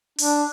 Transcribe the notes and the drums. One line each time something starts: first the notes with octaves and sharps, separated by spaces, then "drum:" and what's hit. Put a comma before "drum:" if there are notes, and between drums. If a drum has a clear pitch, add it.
D4, drum: open hi-hat